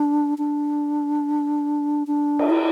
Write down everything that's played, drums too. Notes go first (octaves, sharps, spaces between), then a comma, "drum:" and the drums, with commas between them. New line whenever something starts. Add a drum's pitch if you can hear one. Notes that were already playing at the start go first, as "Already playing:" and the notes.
Already playing: D4
D4
D4
drum: cymbal
E4